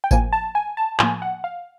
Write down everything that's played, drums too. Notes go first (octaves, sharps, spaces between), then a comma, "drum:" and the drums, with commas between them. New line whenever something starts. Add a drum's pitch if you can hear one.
G5
A2 F3 A#3 G#5, drum: kick G#1, tambourine
A5
G#5
A5
A2 F3 A#3 G#5, drum: clap
F#5
F5